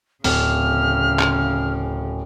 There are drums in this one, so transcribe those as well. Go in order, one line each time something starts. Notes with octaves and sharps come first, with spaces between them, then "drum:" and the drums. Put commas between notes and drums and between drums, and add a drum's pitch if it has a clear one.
D1 C#3 F6, drum: open hi-hat
drum: clap